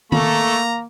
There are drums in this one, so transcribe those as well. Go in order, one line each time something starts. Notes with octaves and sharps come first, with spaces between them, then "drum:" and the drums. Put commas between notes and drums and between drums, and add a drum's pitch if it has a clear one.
A3 A#3 A4 A#5 C#6, drum: tom D#3